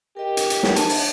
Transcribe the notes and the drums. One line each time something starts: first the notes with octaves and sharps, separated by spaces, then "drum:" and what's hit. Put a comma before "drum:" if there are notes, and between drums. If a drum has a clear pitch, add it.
G4 A#4 D#5
drum: hi-hat
drum: hi-hat
drum: snare
D4 A5, drum: hi-hat
drum: open hi-hat